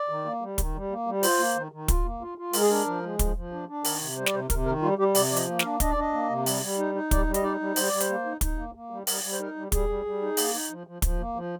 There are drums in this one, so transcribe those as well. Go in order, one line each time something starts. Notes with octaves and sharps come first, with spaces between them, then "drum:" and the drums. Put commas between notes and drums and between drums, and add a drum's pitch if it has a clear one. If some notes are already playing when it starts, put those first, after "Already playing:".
Already playing: D5
D#3
A#3
G3
D#3, drum: kick, hi-hat
G3
A#3
G3
F4 C5, drum: open hi-hat
A#3
D#3
D#3
F4, drum: kick, hi-hat
A#3
F4
F4
G#3 A#4, drum: open hi-hat
G#4
D4 A#4
F3
G#3
F3, drum: kick, hi-hat
F3
D4
D4
D#3 A#4, drum: open hi-hat
C3
G3 C5
D5, drum: snare
C3 C5
C3 A#4, drum: kick, hi-hat
D#3 A#4
G3 F4
G3 G4
C3 D5, drum: open hi-hat
F3 D5
D#5, drum: hi-hat
A#3
F5, drum: snare
D4
D4 D#5, drum: kick, hi-hat
D5
D4 D#5
A#3
C3
G3, drum: open hi-hat
G3
D#4
D#4
G3 D5, drum: kick, hi-hat
G3
D#5, drum: hi-hat
D#4 D5
G3
G3 C5, drum: open hi-hat
G3 D5
C5, drum: hi-hat
A#3
D#4
D#4, drum: kick, hi-hat
A#3
A#3
G3
G3 A#4, drum: open hi-hat
G3
C5
D#4 A#4
G3
G3 G#4, drum: kick, hi-hat
G3
G3
D#4
A#3, drum: open hi-hat
D#4
F3
F3
F3, drum: kick, hi-hat
A#3
F3